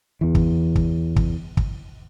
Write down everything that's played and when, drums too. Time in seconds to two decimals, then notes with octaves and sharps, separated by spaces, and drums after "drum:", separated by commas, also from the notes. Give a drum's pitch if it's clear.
0.21 E2 E3
0.35 drum: kick
0.76 drum: kick
1.16 drum: kick
1.57 drum: kick